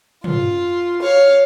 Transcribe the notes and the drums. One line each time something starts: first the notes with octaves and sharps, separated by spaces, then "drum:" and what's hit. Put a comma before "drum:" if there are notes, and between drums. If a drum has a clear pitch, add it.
F4, drum: tom
C#5 F5